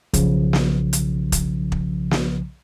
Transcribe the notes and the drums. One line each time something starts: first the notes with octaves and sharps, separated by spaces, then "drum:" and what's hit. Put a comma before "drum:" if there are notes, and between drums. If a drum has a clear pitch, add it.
B1 C#3 F3, drum: kick, hi-hat
drum: snare
drum: hi-hat
drum: kick, hi-hat
drum: kick
drum: snare